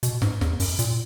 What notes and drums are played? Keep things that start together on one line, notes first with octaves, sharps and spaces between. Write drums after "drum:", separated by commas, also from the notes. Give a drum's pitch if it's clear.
B2, drum: hi-hat
G#2, drum: snare
E2, drum: snare
F#2, drum: open hi-hat
A#2, drum: hi-hat